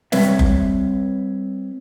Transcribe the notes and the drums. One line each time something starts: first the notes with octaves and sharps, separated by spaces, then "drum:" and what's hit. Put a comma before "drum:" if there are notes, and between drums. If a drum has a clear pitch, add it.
G3 C4 B4 C#5 E5, drum: snare
drum: kick F#1